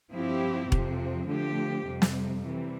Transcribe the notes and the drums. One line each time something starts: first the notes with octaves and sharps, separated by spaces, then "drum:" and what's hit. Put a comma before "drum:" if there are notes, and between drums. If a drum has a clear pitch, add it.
G2 F3 C4 E4 G4
F2 C3 F3 C4, drum: kick E1
D3 F3 A3 C4 G4
F2 C3 G3
drum: snare
C3 E3 G3